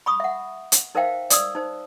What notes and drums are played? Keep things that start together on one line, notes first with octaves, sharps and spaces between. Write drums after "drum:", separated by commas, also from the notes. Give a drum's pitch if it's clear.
B5 C#6 D#6
E5 F#5
drum: hi-hat
D#4 A#4 C5 E5 F5 G5
D5 D#6 E6, drum: hi-hat
D#4 C5